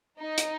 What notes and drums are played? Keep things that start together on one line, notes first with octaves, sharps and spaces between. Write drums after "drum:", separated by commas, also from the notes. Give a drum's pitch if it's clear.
D#4
drum: hi-hat